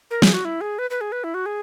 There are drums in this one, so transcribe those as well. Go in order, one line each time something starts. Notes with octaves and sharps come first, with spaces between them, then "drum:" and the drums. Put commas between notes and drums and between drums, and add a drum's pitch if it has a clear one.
A#4
G#4, drum: snare
F#4
E4
G#4
B4
B4
G#4
B4
E4
F#4
G#4